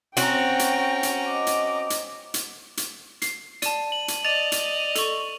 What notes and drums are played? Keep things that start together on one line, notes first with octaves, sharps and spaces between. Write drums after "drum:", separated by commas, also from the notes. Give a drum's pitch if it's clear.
C4 C#4 F#4 G5 A#5, drum: hi-hat
drum: hi-hat
drum: hi-hat
D#5 D6
drum: hi-hat
drum: hi-hat
drum: hi-hat
drum: hi-hat
C7, drum: hi-hat
D5 A5 D#7, drum: hi-hat
F#7
drum: hi-hat
D5 D#5 A6 D#7 F7
drum: hi-hat
A4 C#6, drum: hi-hat